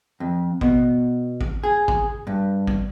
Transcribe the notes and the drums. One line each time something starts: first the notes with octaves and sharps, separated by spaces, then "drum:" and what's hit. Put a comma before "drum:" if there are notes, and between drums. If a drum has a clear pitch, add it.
F2
B2, drum: kick G#1
drum: kick G#1
G#4
drum: kick G#1
G2
drum: kick G#1